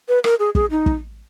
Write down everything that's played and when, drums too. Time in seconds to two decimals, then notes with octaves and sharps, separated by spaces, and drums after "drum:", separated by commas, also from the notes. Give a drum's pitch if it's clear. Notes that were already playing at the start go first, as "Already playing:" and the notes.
0.08 B4
0.24 A#4, drum: rim click
0.39 G#4
0.55 G#4, drum: kick
0.71 D#4
0.86 drum: kick